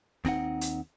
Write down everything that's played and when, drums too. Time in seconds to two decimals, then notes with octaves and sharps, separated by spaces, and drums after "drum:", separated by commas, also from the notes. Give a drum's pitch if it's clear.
0.25 D#2 C4 D#4 F#5, drum: snare
0.61 drum: hi-hat